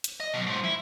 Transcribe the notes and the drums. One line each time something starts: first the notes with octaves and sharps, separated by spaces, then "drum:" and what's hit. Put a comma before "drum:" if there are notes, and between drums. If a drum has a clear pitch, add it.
drum: hi-hat
D#5
B2 F#3
G#2 F3
E4